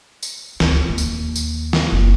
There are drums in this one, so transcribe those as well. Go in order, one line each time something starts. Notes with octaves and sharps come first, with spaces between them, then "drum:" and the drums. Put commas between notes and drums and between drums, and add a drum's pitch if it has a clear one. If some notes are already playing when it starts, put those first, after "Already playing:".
drum: tambourine
D2, drum: snare
D#2
drum: tambourine
drum: tambourine
drum: snare
F#1